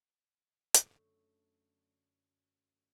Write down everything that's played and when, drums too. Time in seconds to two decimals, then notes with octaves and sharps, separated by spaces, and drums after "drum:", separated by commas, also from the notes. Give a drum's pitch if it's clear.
0.74 F#2 D3 A3, drum: hi-hat